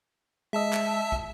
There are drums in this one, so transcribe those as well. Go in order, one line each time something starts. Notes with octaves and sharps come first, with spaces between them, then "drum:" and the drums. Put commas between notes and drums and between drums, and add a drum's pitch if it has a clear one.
G#3 D#5 E5 A5 E6
drum: clap
drum: kick